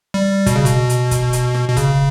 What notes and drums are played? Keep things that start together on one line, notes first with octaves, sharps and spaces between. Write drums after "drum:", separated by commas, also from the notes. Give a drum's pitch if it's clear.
G3
B2, drum: kick, hi-hat
C#3
B2, drum: hi-hat
drum: hi-hat
drum: kick, hi-hat
drum: hi-hat
drum: rim click
B2
C#3, drum: kick, hi-hat